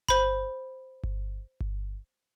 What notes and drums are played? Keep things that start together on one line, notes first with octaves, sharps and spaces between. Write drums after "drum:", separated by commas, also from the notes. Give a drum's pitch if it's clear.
C5 B5, drum: kick G1
drum: kick G1
drum: kick G1